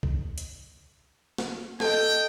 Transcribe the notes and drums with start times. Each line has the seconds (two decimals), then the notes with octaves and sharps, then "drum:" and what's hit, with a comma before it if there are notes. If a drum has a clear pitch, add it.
0.03 drum: kick C2
0.38 drum: hi-hat
1.38 drum: snare
1.80 A4 D#5 G5, drum: snare